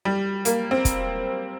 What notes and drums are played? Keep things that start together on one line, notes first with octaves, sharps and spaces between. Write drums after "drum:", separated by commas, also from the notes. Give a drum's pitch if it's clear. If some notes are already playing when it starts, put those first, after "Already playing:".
G3
A#3, drum: hi-hat
C4
drum: kick, hi-hat